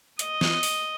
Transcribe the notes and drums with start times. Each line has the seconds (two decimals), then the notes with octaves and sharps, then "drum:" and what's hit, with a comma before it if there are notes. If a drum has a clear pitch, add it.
0.19 D#5, drum: hi-hat
0.41 drum: snare
0.63 drum: open hi-hat